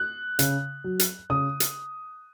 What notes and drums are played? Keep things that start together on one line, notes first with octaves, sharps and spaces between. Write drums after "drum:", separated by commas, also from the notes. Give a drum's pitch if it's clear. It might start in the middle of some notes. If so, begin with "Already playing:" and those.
Already playing: F#6
C#3, drum: hi-hat
F#3
drum: hi-hat
C#3 D#6
drum: hi-hat